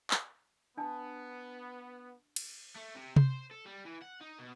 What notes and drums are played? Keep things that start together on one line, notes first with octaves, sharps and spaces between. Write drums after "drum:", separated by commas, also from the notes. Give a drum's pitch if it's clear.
drum: clap
B3 D4 A5
drum: cymbal
A3
C3
C5, drum: tom C3
A4
G3
E3
F#5
D#4
B2